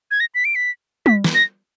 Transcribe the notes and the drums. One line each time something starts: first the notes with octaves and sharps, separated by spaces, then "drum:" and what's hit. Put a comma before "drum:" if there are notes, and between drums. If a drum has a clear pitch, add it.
G#6
A#6
B6
D7
B6
B6, drum: tom G3
drum: snare
A#6